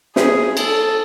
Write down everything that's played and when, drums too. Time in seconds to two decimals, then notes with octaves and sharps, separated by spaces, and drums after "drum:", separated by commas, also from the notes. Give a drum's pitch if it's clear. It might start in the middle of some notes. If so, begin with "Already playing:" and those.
0.16 G#4, drum: snare
0.57 A4, drum: cymbal